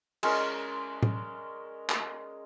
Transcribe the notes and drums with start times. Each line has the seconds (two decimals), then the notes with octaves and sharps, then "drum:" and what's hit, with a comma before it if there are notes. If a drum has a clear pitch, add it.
0.23 G#3 C#4 A#4 D5, drum: cymbal
1.03 drum: tom A2
1.89 drum: clap